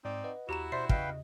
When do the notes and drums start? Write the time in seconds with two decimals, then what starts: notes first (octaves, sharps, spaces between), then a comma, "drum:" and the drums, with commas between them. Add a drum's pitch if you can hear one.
0.05 G#2 C4 D#4 D5
0.24 B4 D#5 F#5
0.49 D#2 E4 F#4 G4 A#5 E7
0.72 B2 C5 D5 E5 C6 C7
0.89 E2 C#3 B4 D#5 F5 G5, drum: kick